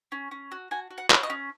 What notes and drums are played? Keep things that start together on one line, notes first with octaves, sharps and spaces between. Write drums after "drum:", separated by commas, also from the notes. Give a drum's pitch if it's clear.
C#4
C#4
F#4
F#4 G#5
F#4
F#5
F#4 C#5, drum: clap
D#5
C#4